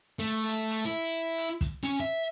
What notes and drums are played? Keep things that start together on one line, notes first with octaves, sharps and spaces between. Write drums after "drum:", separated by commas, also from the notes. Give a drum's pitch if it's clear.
A3
drum: hi-hat
drum: hi-hat
E4
drum: hi-hat
drum: kick, hi-hat
C#4, drum: hi-hat
E5